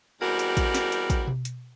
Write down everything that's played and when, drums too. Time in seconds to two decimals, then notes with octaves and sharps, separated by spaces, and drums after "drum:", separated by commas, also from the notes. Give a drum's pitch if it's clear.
0.22 E2 G3 G#3 C4 F#4 A#4
0.39 drum: hi-hat
0.57 drum: kick, hi-hat
0.75 drum: snare
0.92 drum: hi-hat
1.10 drum: kick, hi-hat
1.27 drum: tom B2
1.45 drum: hi-hat